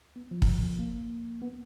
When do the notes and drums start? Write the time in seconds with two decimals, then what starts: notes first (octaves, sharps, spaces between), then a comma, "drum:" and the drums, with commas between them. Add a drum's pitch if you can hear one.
0.16 B3
0.31 F3
0.42 drum: kick
0.79 A#3
1.42 B3